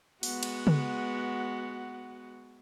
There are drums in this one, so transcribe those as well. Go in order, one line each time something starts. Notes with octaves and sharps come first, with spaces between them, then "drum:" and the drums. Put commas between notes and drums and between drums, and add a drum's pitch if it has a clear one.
G#3 B3 F#4, drum: open hi-hat
drum: cymbal
drum: tom C#3